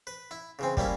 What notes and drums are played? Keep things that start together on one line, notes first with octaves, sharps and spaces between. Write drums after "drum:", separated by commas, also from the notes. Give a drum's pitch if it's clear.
B4
E4
C#3 E3 C4
G3 A#3 C#4 E4, drum: kick